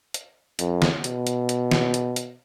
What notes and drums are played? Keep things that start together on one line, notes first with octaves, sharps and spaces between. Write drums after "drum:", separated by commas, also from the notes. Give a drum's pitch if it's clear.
drum: hi-hat
F2, drum: hi-hat
drum: snare
B2, drum: hi-hat
drum: hi-hat
drum: hi-hat
drum: snare
drum: hi-hat
drum: hi-hat